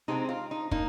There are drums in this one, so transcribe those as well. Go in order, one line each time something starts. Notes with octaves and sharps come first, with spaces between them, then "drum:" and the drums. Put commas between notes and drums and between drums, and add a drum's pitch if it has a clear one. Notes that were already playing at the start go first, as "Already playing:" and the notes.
C3 G#3 C4 D#4
F4
D#4
A#3 D#4, drum: kick